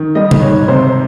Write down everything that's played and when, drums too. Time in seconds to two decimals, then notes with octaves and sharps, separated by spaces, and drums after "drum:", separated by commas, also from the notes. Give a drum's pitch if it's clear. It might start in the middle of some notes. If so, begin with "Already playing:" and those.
Already playing: D#3
0.15 G3 D#5
0.31 drum: tom C#3
0.42 G#2 C#5
0.68 C3 C5